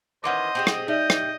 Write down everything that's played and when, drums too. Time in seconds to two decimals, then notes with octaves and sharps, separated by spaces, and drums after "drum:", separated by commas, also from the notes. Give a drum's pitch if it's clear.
0.24 D#3 E3 C#4 C5 D#5 F#5 D6
0.55 C4 G4 G#4
0.67 drum: rim click
0.88 G3 D#4 D#5 E5 G5
1.10 drum: rim click